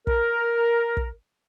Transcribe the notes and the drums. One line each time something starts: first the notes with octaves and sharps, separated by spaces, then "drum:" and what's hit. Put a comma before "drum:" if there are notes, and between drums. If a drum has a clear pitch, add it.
A#4, drum: kick
drum: kick